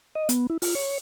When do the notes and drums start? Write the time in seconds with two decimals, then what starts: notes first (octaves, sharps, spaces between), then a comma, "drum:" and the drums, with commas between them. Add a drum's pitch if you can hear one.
0.15 D#5
0.29 B3, drum: hi-hat
0.50 E4
0.62 F4, drum: open hi-hat
0.75 C#5